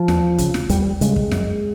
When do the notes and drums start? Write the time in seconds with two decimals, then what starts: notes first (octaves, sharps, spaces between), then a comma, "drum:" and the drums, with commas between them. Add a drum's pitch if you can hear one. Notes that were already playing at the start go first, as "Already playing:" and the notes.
Already playing: F3
0.08 E2, drum: snare
0.38 C#3, drum: kick, hi-hat
0.54 drum: snare
0.69 E2 G3, drum: kick, hi-hat
1.01 C#3 G#3, drum: hi-hat
1.16 drum: kick
1.31 F#2, drum: snare